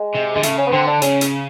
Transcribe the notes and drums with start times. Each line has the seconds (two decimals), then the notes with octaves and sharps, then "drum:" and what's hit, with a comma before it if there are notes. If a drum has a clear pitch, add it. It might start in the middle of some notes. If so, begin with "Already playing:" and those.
Already playing: G#3
0.14 C3
0.35 D3 G#3
0.43 C#3 A3, drum: hi-hat
0.58 C#4
0.67 B3
0.72 D3 C4
0.87 D4
1.02 C#3 C#4, drum: hi-hat
1.21 drum: hi-hat